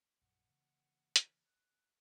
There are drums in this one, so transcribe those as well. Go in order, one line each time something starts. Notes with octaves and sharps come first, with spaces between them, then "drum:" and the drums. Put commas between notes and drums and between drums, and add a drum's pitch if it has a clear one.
A#1 F#2 F#5
C#3 E3 A#3
drum: hi-hat
F#6